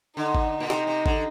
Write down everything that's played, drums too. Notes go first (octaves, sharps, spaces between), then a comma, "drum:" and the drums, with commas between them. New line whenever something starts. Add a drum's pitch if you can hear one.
D3 D#4
drum: kick G#1
A#2
C3 D#4, drum: snare
C3
D3, drum: kick G#1